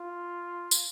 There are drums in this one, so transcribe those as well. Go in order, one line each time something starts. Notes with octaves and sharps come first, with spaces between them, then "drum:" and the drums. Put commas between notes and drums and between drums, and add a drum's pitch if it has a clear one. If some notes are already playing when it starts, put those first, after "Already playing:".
Already playing: F4
drum: tambourine